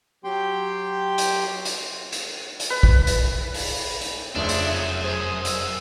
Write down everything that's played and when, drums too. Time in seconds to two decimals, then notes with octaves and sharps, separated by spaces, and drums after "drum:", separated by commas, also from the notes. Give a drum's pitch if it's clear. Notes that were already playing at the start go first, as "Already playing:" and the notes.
0.24 F#3 G4 G5 C6
1.18 drum: hi-hat
1.65 drum: hi-hat
2.12 drum: hi-hat
2.60 drum: hi-hat
2.70 B4
2.83 drum: kick
3.07 drum: hi-hat
3.54 drum: open hi-hat
4.01 drum: hi-hat
4.35 F1 C#3 F3 D4 C5 E5
4.49 drum: hi-hat
4.72 F#2
5.04 G#4 C5 D#6
5.45 E6, drum: hi-hat